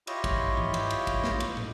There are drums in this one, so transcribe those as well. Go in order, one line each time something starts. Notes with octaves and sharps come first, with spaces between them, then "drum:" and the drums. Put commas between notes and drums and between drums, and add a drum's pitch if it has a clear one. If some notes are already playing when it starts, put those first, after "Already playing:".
E4 F4 G4 C#5 D#5, drum: cymbal
drum: kick A1, cymbal
drum: tom G2
drum: cymbal
drum: cymbal
drum: kick A1, cymbal
drum: snare
drum: cymbal
drum: tom